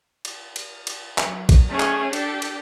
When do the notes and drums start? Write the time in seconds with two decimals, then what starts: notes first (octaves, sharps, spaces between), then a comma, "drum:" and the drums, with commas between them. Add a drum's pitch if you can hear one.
0.25 drum: cymbal
0.56 drum: cymbal
0.87 drum: cymbal
1.18 F#3, drum: clap
1.49 drum: kick A#1, cymbal
1.69 A3 C#4 G#4
1.80 drum: clap
2.13 D4 G4 A4, drum: cymbal
2.42 drum: cymbal